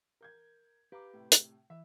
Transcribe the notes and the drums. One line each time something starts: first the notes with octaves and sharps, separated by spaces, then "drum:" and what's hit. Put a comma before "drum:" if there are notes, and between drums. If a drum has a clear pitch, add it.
A#4 G6 G#6
G4 B4 F5 A#5 D6
A2 C3
drum: hi-hat
E3 E5